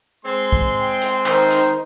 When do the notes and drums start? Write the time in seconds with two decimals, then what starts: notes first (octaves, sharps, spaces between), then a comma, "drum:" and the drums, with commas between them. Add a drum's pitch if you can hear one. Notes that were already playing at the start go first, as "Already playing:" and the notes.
0.25 G#3 C4 C6
0.52 drum: kick
0.80 G5
1.01 drum: hi-hat
1.26 D#3 D#4 C5, drum: clap
1.50 drum: hi-hat